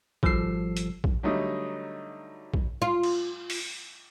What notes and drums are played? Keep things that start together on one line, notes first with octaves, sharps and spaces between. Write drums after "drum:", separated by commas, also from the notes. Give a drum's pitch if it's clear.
G#1 F3 G3 A4 E6 C7, drum: kick A#1
drum: hi-hat
drum: kick A#1
D3 F#3 G3 A3 D#4
drum: kick A#1
F4
drum: cymbal
drum: open hi-hat